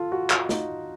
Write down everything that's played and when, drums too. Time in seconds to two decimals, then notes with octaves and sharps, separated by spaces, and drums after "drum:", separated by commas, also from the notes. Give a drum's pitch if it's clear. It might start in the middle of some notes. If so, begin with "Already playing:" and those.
Already playing: F4 A4
0.12 F#4
0.30 F4, drum: clap
0.49 D#4, drum: snare